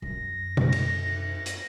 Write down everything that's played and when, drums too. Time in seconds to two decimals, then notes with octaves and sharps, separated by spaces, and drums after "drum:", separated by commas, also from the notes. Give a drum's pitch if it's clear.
0.02 F#2 C#4 A#6
0.57 drum: tom B2
0.72 drum: cymbal
1.46 drum: hi-hat